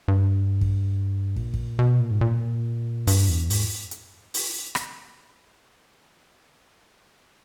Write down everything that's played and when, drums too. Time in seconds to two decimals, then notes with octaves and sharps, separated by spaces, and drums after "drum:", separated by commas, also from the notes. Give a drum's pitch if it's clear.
0.08 G2
0.61 drum: kick
1.36 A#2, drum: kick
1.54 drum: kick
1.79 B2
2.00 A#2
2.11 G#2
2.21 A#2
3.07 G2, drum: open hi-hat
3.29 E2
3.50 G#2, drum: open hi-hat
3.91 drum: hi-hat
4.34 drum: open hi-hat
4.75 drum: rim click